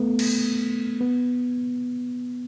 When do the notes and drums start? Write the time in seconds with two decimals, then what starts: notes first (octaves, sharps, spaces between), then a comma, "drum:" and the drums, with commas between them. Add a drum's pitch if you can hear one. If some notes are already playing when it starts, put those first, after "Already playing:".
Already playing: A3 B3
0.19 drum: cymbal
1.01 B3